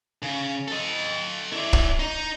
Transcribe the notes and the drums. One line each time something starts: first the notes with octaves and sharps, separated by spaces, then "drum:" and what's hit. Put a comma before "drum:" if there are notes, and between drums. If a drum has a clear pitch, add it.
C#3
A4 D#5
E4 D5
drum: kick
D#4